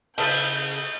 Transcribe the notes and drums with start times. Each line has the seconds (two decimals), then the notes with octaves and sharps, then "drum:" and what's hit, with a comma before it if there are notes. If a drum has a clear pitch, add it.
0.18 C#3 D#5 A5 E6 G6 A6, drum: cymbal